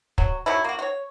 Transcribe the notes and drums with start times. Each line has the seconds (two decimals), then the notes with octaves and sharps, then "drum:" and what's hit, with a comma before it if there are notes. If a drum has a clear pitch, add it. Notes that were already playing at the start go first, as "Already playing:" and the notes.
0.18 F#3, drum: kick
0.46 D#3 F#3 A3 E4
0.64 A#3 F#4
0.79 F#4 C#5